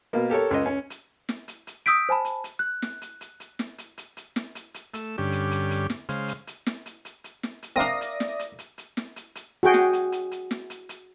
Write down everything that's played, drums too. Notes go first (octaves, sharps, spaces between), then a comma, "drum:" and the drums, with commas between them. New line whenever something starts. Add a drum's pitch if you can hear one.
B2 A#3
G4 A4 A#4 C#5
C#2 D#5
C#4
drum: hi-hat
drum: snare
drum: hi-hat
drum: hi-hat
D#6 E6 G6 B6 D7, drum: hi-hat
C5 G#5 A5 B5
drum: hi-hat
drum: hi-hat
F#6
drum: snare
drum: hi-hat
drum: hi-hat
drum: hi-hat
drum: snare
drum: hi-hat
drum: hi-hat
drum: hi-hat
drum: snare
drum: hi-hat
drum: hi-hat
A3 E6, drum: hi-hat
G2 D3 C#4 G4
drum: hi-hat
drum: hi-hat
drum: hi-hat
drum: snare
C#3 G#3 C5 F5, drum: hi-hat
drum: hi-hat
drum: hi-hat
drum: snare
drum: hi-hat
drum: hi-hat
drum: hi-hat
drum: snare
drum: hi-hat
C4 D4 A#4 D5 E5 F5 D#6 A#6
drum: hi-hat
drum: snare
drum: hi-hat
drum: hi-hat
drum: hi-hat
drum: snare
drum: hi-hat
drum: hi-hat
F#4 G#4 G5
drum: snare
drum: hi-hat
drum: hi-hat
drum: hi-hat
drum: snare
drum: hi-hat
drum: hi-hat